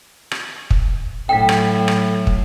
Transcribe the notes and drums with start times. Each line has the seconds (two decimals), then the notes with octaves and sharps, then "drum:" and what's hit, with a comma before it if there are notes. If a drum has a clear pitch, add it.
0.31 drum: rim click
0.71 drum: kick
1.29 A2 F#3 A4 G5
1.49 drum: rim click
1.88 drum: rim click
2.27 drum: kick